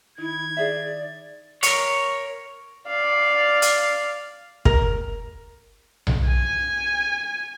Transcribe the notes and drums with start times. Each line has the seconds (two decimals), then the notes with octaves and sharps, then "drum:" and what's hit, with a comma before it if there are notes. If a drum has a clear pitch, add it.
0.18 D#3 D#4 E4 G#6
0.57 G#4 D5 E5
1.63 A#4 C#5, drum: hi-hat
2.87 D5 F5
3.62 drum: hi-hat
4.65 A#4, drum: kick
6.07 drum: tom B1
6.28 G#5